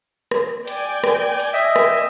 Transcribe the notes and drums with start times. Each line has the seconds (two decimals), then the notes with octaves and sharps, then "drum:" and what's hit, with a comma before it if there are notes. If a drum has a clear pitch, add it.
0.31 drum: rim click
0.68 D5 G5 G#5, drum: hi-hat
1.04 drum: rim click
1.40 drum: hi-hat
1.53 D#5 E5
1.76 drum: rim click